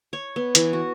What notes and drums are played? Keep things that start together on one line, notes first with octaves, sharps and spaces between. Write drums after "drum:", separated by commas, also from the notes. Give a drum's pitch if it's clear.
C#5
B3
E3, drum: hi-hat
F#4